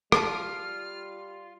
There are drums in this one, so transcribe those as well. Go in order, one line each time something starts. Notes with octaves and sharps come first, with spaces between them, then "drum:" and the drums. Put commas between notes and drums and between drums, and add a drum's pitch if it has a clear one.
G3 F4 A5 D6 F6, drum: rim click